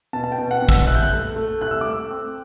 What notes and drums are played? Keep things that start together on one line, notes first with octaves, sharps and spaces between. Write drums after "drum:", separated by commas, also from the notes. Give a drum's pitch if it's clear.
B2 A5
A5
G5
B2
F#5
B2
E6, drum: kick
C2 F#6
G6
F#6
A3
A3
C2 F#6
E6
D6
A3 E6
C4